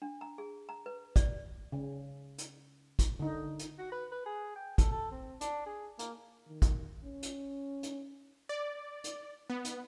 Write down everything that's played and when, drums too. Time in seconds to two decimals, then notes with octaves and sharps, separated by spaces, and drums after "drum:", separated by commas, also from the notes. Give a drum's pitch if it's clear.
0.02 D4
0.21 A#5
0.38 G#4
0.69 A#5
0.86 B4
1.16 D5, drum: kick, hi-hat
1.72 C#3
2.38 drum: hi-hat
2.99 drum: kick, hi-hat
3.19 D3 D#4
3.59 drum: hi-hat
3.79 F#4
3.92 B4
4.12 B4
4.26 G#4
4.56 G5
4.78 A4, drum: kick, hi-hat
4.92 A4
5.11 C4
5.41 D4, drum: hi-hat
5.66 G#4
5.99 A#3, drum: hi-hat
6.47 D#3
6.62 drum: kick, hi-hat
7.04 C#4
7.22 drum: hi-hat
7.83 drum: hi-hat
8.49 D5
9.04 drum: hi-hat
9.50 B3
9.64 drum: hi-hat